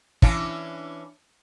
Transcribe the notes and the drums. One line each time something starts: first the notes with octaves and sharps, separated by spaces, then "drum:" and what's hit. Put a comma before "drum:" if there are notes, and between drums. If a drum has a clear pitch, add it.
E3 C#4 D4, drum: kick